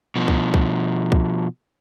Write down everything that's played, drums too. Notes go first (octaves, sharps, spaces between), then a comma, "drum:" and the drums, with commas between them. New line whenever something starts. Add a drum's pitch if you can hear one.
B2 F3
drum: kick C2
drum: kick C2
drum: kick C2